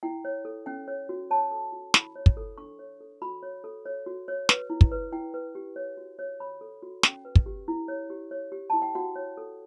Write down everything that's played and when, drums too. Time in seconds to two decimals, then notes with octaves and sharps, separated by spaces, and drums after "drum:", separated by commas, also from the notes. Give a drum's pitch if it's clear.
0.03 E4 G5
0.25 C#5
0.45 A4
0.66 C#4 G5
0.88 C#5
1.09 F#4
1.31 C#5 A5
1.51 A4
1.73 F#4
1.94 E4 B5, drum: snare
2.16 C#5
2.26 drum: kick
2.37 A4
2.58 D4 C#6
2.79 C#5
3.00 A4
3.22 F#4 B5
3.43 C#5
3.64 A4
3.86 C#5
4.06 F#4
4.28 C#5
4.49 B4, drum: snare
4.70 E4
4.81 drum: kick
4.91 B4
5.12 E4 G5
5.34 B4
5.55 G4
5.76 C#5
5.97 F#4
6.19 C#5
6.40 C#5 B5
6.61 A4
6.83 F#4
7.03 C#4 G5, drum: snare
7.25 B4
7.35 drum: kick
7.46 G4
7.68 E4
7.88 C#5
8.10 G4
8.31 C#5
8.52 G4
8.70 E4 A5
8.82 G5
8.95 F#4 F#5
9.15 C#5
9.37 A4